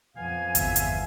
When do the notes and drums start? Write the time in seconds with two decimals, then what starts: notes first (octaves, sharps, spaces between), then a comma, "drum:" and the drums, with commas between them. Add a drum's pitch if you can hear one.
0.16 F2 B3 F5 G#5
0.55 G1 E2 E5 D#7, drum: hi-hat
0.76 drum: hi-hat